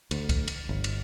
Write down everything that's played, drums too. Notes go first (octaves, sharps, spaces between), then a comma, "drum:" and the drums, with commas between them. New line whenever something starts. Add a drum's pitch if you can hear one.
D2, drum: cymbal
drum: kick C2, cymbal
drum: cymbal
G1
drum: cymbal